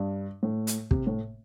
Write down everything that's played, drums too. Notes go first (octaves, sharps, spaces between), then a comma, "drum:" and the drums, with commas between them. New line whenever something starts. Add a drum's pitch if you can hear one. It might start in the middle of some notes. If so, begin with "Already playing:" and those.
Already playing: G2
A2
drum: hi-hat
C3, drum: kick
A2